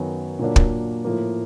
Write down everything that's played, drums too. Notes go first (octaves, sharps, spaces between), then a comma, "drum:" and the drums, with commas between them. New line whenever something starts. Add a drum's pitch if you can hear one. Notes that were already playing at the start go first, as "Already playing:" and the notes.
Already playing: F#2 D#3 F#3 B3
A#2 F#3 A#3 D4
drum: kick
A2 F3 A#3